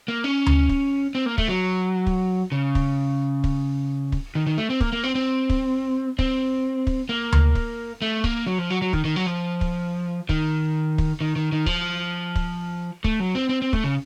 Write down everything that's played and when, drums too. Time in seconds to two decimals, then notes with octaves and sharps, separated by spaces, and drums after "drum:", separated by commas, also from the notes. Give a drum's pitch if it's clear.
0.08 A#3
0.24 C#4
0.46 drum: tom D2
0.69 drum: kick
1.15 C4
1.26 A#3
1.38 A3, drum: kick
1.49 F#3
2.07 drum: kick
2.52 C#3
2.75 drum: kick
3.44 drum: kick
4.12 drum: kick
4.35 D#3
4.47 D#3
4.57 A3
4.70 C4
4.81 A#3, drum: kick
4.93 A#3
5.04 C4
5.15 C4
5.50 drum: kick
6.19 C4, drum: kick
6.87 drum: kick
7.09 A#3
7.32 drum: tom D2
7.55 drum: kick
8.02 A3
8.24 A#3, drum: kick
8.47 F#3
8.58 F3
8.70 F#3
8.82 F#3
8.93 D#3, drum: kick
9.05 D#3
9.16 F#3
9.26 F3
9.61 drum: kick
10.29 D#3, drum: kick
10.98 drum: kick
11.21 D#3
11.36 D#3
11.52 D#3
11.66 F3, drum: kick
12.36 drum: kick
13.04 A3, drum: kick
13.20 F#3
13.35 C4
13.49 C4
13.62 C4
13.73 A3, drum: kick
13.84 C#3